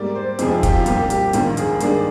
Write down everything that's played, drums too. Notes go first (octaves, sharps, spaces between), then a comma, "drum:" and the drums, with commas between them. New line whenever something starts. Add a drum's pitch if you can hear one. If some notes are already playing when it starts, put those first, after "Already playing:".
Already playing: G#2 G3 A#3 D5
C5
F2 C3 F3 G#4, drum: hi-hat
F4
G4, drum: kick, hi-hat
F4
C2 A#2 G3 G4, drum: hi-hat
G4, drum: hi-hat
A#1 G#2 D#3 A#3 F4, drum: hi-hat
G#4, drum: hi-hat
G2 D#3 A#3 D4 G#4, drum: hi-hat